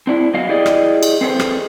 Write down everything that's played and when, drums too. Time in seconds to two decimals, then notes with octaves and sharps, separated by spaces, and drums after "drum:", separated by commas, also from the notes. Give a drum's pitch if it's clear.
0.07 C4 D4 E4
0.34 F#3 B3 F#4 D#5 F5
0.49 E4 G4 G#4 D5 D#5
0.66 drum: rim click
1.03 drum: cymbal
1.21 C4 G#4 A4 B4 C5
1.40 drum: rim click